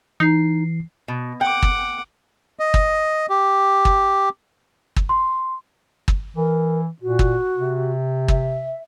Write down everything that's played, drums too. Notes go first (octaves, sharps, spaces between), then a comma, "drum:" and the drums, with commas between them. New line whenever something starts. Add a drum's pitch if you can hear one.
E3 D#4 C7
B2
F#5 G5 D6
drum: kick
D#5
drum: kick
G4
drum: kick
drum: kick
C6
drum: kick
E3 A#4
A#2 F#4
drum: kick
C3
E5, drum: kick